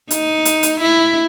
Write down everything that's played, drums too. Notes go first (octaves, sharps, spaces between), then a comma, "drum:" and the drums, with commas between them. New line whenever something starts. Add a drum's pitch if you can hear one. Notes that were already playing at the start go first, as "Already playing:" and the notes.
D#4, drum: hi-hat
drum: hi-hat
drum: hi-hat
E4